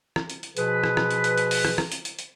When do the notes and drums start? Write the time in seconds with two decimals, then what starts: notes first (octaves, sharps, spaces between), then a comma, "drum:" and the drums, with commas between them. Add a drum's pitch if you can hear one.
0.16 drum: rim click
0.30 drum: hi-hat
0.43 drum: hi-hat
0.57 B2 F3 G#4 B4, drum: hi-hat
0.84 drum: rim click
0.97 drum: rim click
1.11 drum: hi-hat
1.24 drum: hi-hat
1.38 drum: hi-hat
1.51 drum: open hi-hat
1.65 drum: rim click
1.78 drum: rim click
1.92 drum: hi-hat
2.05 drum: hi-hat
2.19 drum: hi-hat